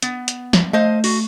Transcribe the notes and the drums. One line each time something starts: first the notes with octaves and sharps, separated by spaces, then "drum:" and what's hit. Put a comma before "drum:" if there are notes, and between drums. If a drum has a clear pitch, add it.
B3, drum: hi-hat
drum: hi-hat
drum: snare
A3 C5 D#5 F5
F#4, drum: open hi-hat